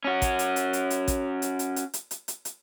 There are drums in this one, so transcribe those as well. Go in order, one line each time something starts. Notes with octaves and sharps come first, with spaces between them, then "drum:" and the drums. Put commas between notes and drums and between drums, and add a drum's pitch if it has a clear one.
C#4 F#4
drum: kick, hi-hat
drum: hi-hat
drum: hi-hat
drum: hi-hat
drum: hi-hat
drum: kick, hi-hat
drum: hi-hat
drum: hi-hat
drum: hi-hat
drum: hi-hat
drum: hi-hat
drum: hi-hat
drum: hi-hat